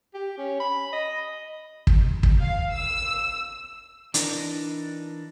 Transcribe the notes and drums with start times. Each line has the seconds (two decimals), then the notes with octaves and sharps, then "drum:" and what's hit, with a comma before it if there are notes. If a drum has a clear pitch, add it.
0.14 G4
0.38 C#4
0.60 B5
0.93 D#5
1.87 drum: kick
2.23 drum: kick
2.40 F5
2.74 E6
4.14 E3 D4 D#4 A#4, drum: hi-hat